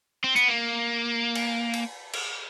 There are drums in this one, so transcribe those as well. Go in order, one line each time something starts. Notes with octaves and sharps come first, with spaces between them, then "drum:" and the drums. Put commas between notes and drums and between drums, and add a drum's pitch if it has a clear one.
C4
B3, drum: tambourine
A#3
drum: cymbal
drum: cymbal
drum: cymbal